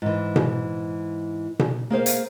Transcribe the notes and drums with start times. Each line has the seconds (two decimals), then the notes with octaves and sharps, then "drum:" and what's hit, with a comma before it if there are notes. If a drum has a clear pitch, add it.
0.02 G#2 E3
0.36 drum: tom B2
1.59 drum: tom B2
1.90 A#3 G#4 C5 F5
2.06 drum: hi-hat